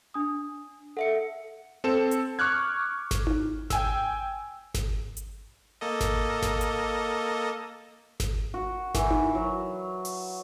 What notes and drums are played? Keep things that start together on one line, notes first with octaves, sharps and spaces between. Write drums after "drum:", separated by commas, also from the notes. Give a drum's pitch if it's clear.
D4 D#6
A4 E5 F#5 C#7
C4 A4 E7
drum: hi-hat
C#6 D6 F6 F#6 G#6
drum: snare G#1
drum: tom D#4
G5 G#5 E6, drum: snare G#1
drum: snare G#1
drum: hi-hat
A#3 A4 D#5
drum: snare G#1
drum: snare G#1
drum: hi-hat
drum: snare G#1
F#4
E3, drum: snare G#1
drum: tom D#4
F#3
drum: open hi-hat